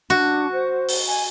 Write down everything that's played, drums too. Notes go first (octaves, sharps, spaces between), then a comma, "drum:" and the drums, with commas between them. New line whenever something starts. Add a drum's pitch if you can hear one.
D4 F#4
C5
drum: open hi-hat
G#5